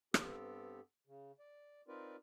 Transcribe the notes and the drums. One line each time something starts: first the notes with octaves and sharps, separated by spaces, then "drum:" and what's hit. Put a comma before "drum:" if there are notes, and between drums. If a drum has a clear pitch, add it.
G2 B3 C4 G4 A4, drum: rim click
C#3
D5
C4 D#4 F4 A#4 B4 D5